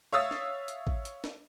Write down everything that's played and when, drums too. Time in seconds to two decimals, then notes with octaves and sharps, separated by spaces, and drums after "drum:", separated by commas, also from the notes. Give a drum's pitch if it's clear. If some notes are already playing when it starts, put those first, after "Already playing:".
0.12 C#5 E5 F5 D#6 E6 A6
0.31 drum: snare
0.68 drum: hi-hat
0.87 drum: kick A1
1.05 drum: hi-hat
1.24 drum: snare